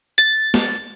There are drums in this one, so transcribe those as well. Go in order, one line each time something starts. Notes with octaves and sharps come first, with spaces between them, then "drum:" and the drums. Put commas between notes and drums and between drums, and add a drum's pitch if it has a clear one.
A6, drum: hi-hat
drum: snare